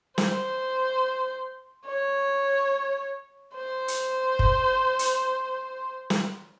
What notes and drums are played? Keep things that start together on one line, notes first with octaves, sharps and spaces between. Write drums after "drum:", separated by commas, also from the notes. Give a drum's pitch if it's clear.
C5, drum: snare
C#5
C5
drum: hi-hat
drum: kick
drum: hi-hat
drum: snare